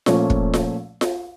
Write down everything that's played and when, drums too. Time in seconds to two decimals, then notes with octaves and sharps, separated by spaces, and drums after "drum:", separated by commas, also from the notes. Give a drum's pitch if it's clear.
0.06 A#2 F3 A3 C#4, drum: snare F4
0.30 drum: kick
0.54 drum: snare F4
1.01 drum: snare F4